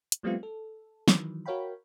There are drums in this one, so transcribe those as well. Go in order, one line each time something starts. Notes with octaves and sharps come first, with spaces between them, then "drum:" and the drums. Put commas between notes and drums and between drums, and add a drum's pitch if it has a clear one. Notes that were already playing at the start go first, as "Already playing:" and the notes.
drum: hi-hat
F3 G3 A3 B3 C4 F4
A4
D#3 E3 F#3, drum: snare
F#4 A#4 C#5 F5 G5 B5